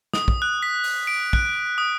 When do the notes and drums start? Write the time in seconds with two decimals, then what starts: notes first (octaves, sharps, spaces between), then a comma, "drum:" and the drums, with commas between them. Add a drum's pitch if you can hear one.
0.13 D#6, drum: snare
0.28 drum: kick
0.42 F#6
0.63 B6
0.84 drum: open hi-hat
1.07 D7
1.33 F#6, drum: kick
1.78 D#6